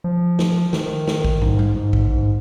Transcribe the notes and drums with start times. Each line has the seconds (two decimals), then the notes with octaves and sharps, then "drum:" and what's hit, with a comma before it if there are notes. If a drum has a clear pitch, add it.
0.04 F3
0.39 drum: snare
0.73 D#3, drum: snare
1.07 drum: snare
1.25 drum: kick A#1
1.41 G#2, drum: tom
1.59 drum: tom G3
1.76 G#2
1.93 drum: kick A#1
2.10 G#2